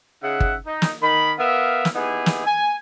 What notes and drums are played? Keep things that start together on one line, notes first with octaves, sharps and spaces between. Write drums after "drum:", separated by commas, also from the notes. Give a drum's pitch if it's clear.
C#3 D#4 E5 F#5
drum: kick G1
D#4
drum: snare
D#3 B5
B3 A#4 E5 F5
drum: snare
B3 D#4 E4 G4 G#4
drum: snare
G#5